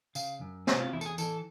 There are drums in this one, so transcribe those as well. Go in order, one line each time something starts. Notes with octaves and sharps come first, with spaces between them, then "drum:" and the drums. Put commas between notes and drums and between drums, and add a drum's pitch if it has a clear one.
C#3 F5, drum: tambourine
F#2
C3 B4, drum: snare
F4
E2 E4
A4, drum: tambourine
G#4
E3 A4, drum: tambourine